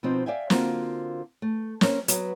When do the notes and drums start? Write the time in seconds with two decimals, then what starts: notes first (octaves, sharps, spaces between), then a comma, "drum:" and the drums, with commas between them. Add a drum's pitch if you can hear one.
0.03 B2 F3 C4 D#4
0.26 D5 E5 F5 G5 G#5
0.50 D3 A#3 C4 F4 F#4 C5, drum: snare
1.42 A3
1.81 A#3 C#4 A#4 C5, drum: snare
2.08 F#3 B3, drum: hi-hat